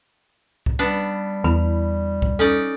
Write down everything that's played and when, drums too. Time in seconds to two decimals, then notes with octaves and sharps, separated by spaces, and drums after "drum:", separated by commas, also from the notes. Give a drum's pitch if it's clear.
0.66 drum: kick C2
0.79 G3 B3 D4
1.44 E2 E4 B4 B5
2.22 drum: kick C2
2.39 C#4 D#4 A4 D5